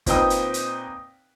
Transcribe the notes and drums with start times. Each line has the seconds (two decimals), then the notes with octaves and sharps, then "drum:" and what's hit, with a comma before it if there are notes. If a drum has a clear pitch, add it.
0.06 A#2 C4 D#4 B4 G5 D#6, drum: kick, hi-hat
0.30 drum: hi-hat
0.54 drum: hi-hat